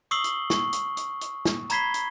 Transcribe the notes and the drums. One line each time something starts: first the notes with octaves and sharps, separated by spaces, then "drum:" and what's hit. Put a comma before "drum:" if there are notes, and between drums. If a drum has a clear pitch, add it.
C#6 D#6 E6 C7 F#7 G7
drum: hi-hat
C#6, drum: snare
drum: hi-hat
drum: hi-hat
drum: hi-hat
drum: snare
A#5 B5 G#6 B6 C7 G7, drum: hi-hat
drum: hi-hat